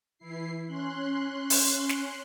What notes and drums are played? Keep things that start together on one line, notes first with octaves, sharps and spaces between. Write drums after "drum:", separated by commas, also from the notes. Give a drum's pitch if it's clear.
E3 E4 C7
C#4 C6 F#6
drum: open hi-hat
drum: snare